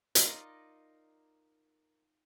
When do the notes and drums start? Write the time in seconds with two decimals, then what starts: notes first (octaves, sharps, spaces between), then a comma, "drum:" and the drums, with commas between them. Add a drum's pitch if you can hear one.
0.15 D#4 F4 A#4 D5 D#5 F5, drum: hi-hat